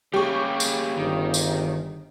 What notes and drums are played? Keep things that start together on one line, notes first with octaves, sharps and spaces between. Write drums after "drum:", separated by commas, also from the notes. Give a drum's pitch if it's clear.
C#3 G3 A#3 G4 G#4 C#6
drum: tambourine
G1 D#3
drum: tambourine